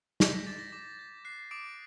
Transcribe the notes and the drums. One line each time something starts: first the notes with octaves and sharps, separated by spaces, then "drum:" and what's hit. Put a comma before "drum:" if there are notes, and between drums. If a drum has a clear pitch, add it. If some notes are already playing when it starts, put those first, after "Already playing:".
G6 B6, drum: snare
A#6
D6 A6
A#6
D6
G6
F#6 C7
D6 D#6 D7